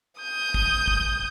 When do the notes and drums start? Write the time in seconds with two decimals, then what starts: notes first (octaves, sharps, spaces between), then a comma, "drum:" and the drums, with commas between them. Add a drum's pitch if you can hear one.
0.21 D#6 G6
0.54 drum: kick
0.88 drum: kick